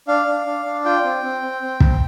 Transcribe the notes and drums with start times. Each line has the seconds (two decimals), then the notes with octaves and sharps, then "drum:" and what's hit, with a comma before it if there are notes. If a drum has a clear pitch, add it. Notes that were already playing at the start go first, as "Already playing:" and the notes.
0.08 D4 F5
0.27 D4
0.46 D4
0.65 D4
0.85 F4 G5
1.04 C4
1.23 C4
1.42 C4
1.62 C4
1.80 C4, drum: kick